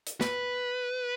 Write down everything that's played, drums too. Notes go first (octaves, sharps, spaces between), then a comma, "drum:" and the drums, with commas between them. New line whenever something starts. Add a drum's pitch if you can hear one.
drum: hi-hat
B4, drum: snare